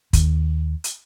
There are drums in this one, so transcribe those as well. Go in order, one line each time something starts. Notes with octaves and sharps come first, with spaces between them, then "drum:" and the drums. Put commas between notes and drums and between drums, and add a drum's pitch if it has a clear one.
D#2, drum: kick, hi-hat
drum: hi-hat